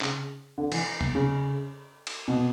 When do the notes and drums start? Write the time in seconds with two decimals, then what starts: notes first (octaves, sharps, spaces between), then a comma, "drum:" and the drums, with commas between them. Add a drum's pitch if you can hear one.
0.01 C#3, drum: clap
0.58 D3
0.72 E3, drum: cymbal
1.01 drum: tom E2
1.15 C#3
2.07 drum: cymbal
2.28 B2